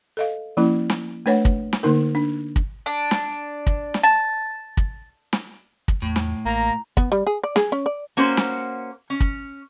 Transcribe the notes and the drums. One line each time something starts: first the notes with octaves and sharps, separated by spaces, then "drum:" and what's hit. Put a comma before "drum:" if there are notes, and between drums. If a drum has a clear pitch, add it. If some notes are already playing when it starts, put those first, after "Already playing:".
A4 D#5 F5
F3 A#3 C#4 E4
drum: snare
A3 D4 B4 C#5 F#5
drum: kick
drum: snare
D3 A#3 D#4 A#4
D4
drum: kick
D4
drum: snare
drum: kick
drum: snare
A5
drum: kick
drum: snare
drum: kick
E2 A2
drum: snare
A1 A#3 A#5
B3, drum: kick
G3
G#4
D5
G#4, drum: snare
C#4
D5
A#3 C#4 F#4 C5
drum: snare
C#4
drum: kick